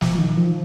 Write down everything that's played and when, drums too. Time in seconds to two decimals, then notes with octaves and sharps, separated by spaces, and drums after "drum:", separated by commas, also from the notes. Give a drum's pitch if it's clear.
0.01 F3, drum: snare
0.14 F3
0.18 D#3
0.37 F3